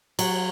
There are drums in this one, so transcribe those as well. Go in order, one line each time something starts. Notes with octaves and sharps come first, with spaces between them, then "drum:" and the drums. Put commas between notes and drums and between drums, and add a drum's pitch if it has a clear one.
F#3, drum: cymbal